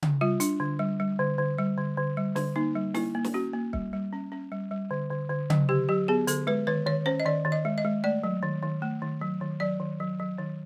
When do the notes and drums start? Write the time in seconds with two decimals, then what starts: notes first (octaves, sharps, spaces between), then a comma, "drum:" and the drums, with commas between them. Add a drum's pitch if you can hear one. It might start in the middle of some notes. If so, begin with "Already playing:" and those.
0.02 drum: tom C#3
0.21 G3 F4
0.40 D4, drum: hi-hat
0.60 D3
0.79 G3
1.00 G3
1.19 D3
1.38 D3
1.58 G3
1.78 D3
1.97 D3
2.17 G3
2.36 D3, drum: snare
2.56 A#3 D#4
2.76 G3
2.94 A#3 E4, drum: snare
3.15 A#3
3.24 drum: snare
3.34 C#4 F#4
3.53 A#3
3.73 G3, drum: kick
3.93 G3
4.13 C#4
4.32 C#4
4.52 G3
4.71 G3
4.91 D3
5.11 D3
5.30 D3
5.50 F#3, drum: tom C#3
5.69 D3 G4
5.89 F#3 G4
6.08 B3 G#4
6.27 D3 A4, drum: hi-hat
6.47 G#3 B4
6.67 D#3 B4
6.86 D#3 C#5
7.06 C#4 C5
7.20 D#5
7.26 D#3 D5
7.45 D#3
7.52 D#5
7.65 G#3
7.78 D#5
7.85 G#3
8.04 A3 D5
8.23 F#3
8.43 D#3
8.63 D#3
8.82 A3
9.02 D#3
9.21 F#3
9.41 D#3
9.60 F#3 D5
9.80 D#3
10.00 F#3
10.20 F#3
10.39 D#3